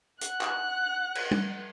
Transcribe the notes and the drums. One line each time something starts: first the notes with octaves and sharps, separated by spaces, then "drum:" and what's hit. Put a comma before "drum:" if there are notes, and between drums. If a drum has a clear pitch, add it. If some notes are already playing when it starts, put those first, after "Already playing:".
F#5 F#6, drum: hi-hat
drum: clap
drum: cymbal
drum: tom